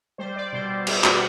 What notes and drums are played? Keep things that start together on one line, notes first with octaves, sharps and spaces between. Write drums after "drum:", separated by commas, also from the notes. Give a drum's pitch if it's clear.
G3 C5
G3 D5
B2 C5
B2
G3 G4, drum: cymbal
G3 F#4, drum: clap